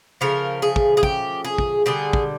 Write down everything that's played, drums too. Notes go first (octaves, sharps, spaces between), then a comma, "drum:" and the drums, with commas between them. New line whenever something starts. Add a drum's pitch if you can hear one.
C#3 F3 A3 A#4
G#4
drum: kick
G#4
G4, drum: kick
G#4
drum: kick
D3 G3 G#4
drum: kick